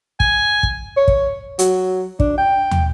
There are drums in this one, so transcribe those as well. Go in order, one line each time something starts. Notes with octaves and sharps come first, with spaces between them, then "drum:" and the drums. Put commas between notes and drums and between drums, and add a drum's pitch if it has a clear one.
G#5, drum: kick
drum: kick
C#5
drum: kick
F#3, drum: hi-hat
D4, drum: kick
G5
drum: tom